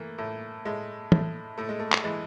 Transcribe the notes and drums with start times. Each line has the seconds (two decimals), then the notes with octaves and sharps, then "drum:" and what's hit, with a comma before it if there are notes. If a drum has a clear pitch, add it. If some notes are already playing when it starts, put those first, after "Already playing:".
Already playing: E3 A3 A#3
0.18 A2
0.65 A2 G#3
1.12 A2, drum: tom
1.58 A2 A3
1.69 G#3
1.79 A3
1.92 drum: clap
2.04 E3 G#3